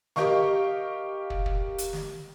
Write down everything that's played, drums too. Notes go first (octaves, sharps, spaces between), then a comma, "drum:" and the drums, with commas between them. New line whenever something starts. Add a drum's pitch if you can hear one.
G4 A#4 D#5 F5 C#6, drum: snare
drum: kick
drum: kick
drum: hi-hat
drum: snare